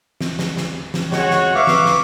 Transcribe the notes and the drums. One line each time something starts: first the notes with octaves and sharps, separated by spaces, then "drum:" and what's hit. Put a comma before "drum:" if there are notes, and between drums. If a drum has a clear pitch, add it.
drum: snare
drum: snare
drum: snare
drum: snare
G#3 F#4 C#5, drum: snare
drum: snare
B4 E5 F5 C#6 D6
drum: snare
drum: snare